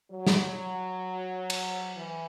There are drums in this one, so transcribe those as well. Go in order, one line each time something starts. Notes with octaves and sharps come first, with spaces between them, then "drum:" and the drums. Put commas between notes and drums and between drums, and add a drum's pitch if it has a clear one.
F#3
drum: snare
drum: cymbal
E3